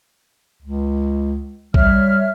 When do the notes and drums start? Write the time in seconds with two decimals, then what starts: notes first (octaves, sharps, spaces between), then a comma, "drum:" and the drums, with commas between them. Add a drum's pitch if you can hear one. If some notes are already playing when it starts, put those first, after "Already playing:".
0.62 C#2
1.74 G3 C#5 E5 F6, drum: kick